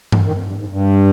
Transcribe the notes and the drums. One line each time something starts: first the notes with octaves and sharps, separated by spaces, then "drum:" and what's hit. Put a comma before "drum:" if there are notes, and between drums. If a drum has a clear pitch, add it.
drum: tom G2
D#3
F2
G2
G#2
G2